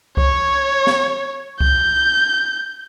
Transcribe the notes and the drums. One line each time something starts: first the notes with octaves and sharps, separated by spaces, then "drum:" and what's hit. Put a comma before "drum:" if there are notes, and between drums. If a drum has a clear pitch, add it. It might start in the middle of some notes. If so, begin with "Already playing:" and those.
C#5, drum: kick C2
drum: snare
G6, drum: kick C2